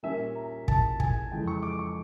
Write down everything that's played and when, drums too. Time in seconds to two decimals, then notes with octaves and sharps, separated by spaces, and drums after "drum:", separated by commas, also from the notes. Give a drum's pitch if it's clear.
0.03 A#2 G3 A#3 C#4 E5
0.35 A#5
0.68 A5, drum: kick
1.00 G#5, drum: kick
1.31 F2 C#3 E3 G#3 G5
1.48 C#6
1.63 D6
1.79 C#6